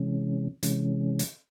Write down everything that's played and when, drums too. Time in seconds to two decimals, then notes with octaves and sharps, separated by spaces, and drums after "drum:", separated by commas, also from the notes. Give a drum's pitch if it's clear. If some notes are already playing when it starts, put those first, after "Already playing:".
Already playing: C3 E3 G#3 C#4
0.63 C3 E3 G#3 C#4, drum: hi-hat
1.19 drum: hi-hat